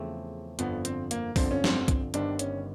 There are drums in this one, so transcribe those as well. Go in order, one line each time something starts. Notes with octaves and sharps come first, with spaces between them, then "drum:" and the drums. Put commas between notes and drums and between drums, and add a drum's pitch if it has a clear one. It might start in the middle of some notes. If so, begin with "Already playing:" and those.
Already playing: E2 C#3 F3 A3 C4
G1 F2 D3 F3 B3, drum: hi-hat
C4, drum: hi-hat
A#3, drum: hi-hat
G1 F2 D3 F3 C4, drum: kick, open hi-hat
C#4
C4, drum: snare
drum: kick, hi-hat
G1 G2 D#3 G3 C4 D4, drum: hi-hat
C#4, drum: hi-hat